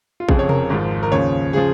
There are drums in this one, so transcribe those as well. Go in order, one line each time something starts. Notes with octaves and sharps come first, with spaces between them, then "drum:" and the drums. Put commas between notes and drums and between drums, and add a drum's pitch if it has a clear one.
F4
F1 F2 C#3 F3 G#4, drum: kick
C#5
A#4, drum: tom C3
G#1 G#2 F3 A#4
A#4
D#2 C#3 F3 C#5
C#3 F3 G#4